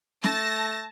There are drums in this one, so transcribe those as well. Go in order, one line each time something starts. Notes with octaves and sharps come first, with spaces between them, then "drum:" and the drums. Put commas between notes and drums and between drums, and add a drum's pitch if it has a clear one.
A3 A5 A#6, drum: snare